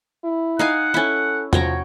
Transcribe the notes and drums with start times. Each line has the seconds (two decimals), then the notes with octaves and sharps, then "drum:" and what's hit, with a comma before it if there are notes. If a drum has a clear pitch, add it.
0.24 E4
0.59 D#4 F5 F#5 G#5
0.94 C#4 E4 A4
1.53 F3 F#4 C#5 G5 A#5, drum: tom E2